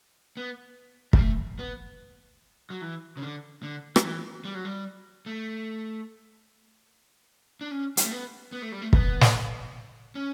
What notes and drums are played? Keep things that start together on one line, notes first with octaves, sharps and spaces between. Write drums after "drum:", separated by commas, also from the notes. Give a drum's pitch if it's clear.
B3
G3, drum: kick
A3
B3
F#3
E3
C#3
D3
D3
F#3, drum: rim click
E3
G3
F#3
G3
A3
D4
C#4
G3, drum: hi-hat
A3
B3
B3
A3
G3
A3
B3, drum: kick
drum: snare
C#4